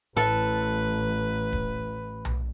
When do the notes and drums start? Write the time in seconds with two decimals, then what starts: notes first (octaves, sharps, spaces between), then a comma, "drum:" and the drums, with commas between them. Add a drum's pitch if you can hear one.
0.17 A1 A2 A4 B4
1.53 drum: kick D1
2.25 drum: tom B1